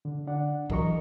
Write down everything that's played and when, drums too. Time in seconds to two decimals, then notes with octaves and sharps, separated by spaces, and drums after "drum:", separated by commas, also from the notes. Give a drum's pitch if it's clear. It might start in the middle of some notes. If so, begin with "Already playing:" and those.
0.05 D3
0.27 D4 D5 F#5
0.70 E3 F#3 A#4 D#5 A#5 C#6, drum: kick